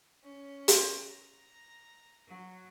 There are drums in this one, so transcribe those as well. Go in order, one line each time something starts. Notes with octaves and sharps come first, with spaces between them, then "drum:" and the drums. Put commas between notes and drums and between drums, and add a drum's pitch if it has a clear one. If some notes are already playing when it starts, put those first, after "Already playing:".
C#4
drum: hi-hat
A#5
F#3